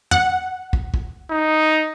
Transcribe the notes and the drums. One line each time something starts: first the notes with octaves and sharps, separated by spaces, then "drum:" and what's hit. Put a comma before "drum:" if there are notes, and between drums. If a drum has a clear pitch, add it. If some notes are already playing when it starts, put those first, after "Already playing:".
F#5, drum: tom
drum: kick
drum: kick
D#4